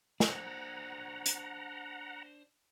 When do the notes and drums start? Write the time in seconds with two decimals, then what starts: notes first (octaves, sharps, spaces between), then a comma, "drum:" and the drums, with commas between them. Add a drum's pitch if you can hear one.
0.20 D4 C5 F#5 A#5, drum: snare
1.26 drum: hi-hat